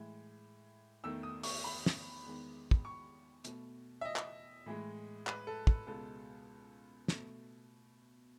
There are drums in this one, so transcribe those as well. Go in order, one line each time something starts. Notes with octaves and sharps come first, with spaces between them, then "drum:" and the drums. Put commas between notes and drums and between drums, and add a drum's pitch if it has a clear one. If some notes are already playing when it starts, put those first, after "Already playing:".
Already playing: A2 E3 G#3
E2 D#3 A3 E6
D#6
C#6, drum: open hi-hat
B5
drum: snare
E2 D#3 G#3 B3
drum: kick
C#6
B2 A3, drum: hi-hat
E5
D#5
drum: clap
A2 E3 G#3
B4, drum: clap
A4
A4, drum: kick
C#2 B2 G#3 B3 A4
B2 A3, drum: snare